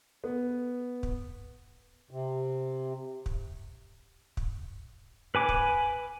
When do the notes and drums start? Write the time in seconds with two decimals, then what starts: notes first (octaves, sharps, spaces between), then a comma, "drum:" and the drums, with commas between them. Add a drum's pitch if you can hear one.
0.24 B3
1.03 drum: kick
2.11 C3
3.26 drum: kick
4.37 drum: kick
5.35 B4 G#5 D6
5.49 drum: kick